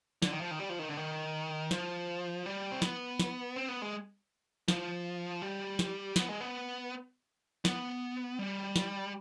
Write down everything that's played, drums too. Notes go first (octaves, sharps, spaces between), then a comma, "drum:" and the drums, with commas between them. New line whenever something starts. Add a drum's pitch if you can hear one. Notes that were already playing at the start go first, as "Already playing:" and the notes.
D3, drum: snare
D#3
F3
D#3
G3
F3
D#3
D3
D#3
F3, drum: snare
G3
C4
B3, drum: snare
drum: snare
C4
B3
G#3
F3, drum: snare
G3
drum: snare
B3, drum: snare
G#3
B3
B3, drum: snare
G3
drum: snare